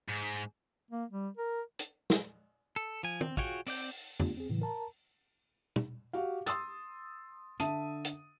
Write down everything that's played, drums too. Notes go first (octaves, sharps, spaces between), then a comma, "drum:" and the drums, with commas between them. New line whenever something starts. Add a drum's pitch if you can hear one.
G#2
A#3
G3
A#4
drum: hi-hat
drum: snare
A4
F3 G#5
C4, drum: tom
F4 F#4 G#4 C#5 G5, drum: kick
C4 D5 G6, drum: open hi-hat
A3 B3 D4 F4 G4, drum: tom F2
C4 G#4
A2 C#3 E3 F#3
A#4 A5 A#5
drum: tom
F#4 G4 F5
C6 D#6 E6 A6, drum: hi-hat
D3 E5 A5 D#6 D#7, drum: hi-hat
drum: hi-hat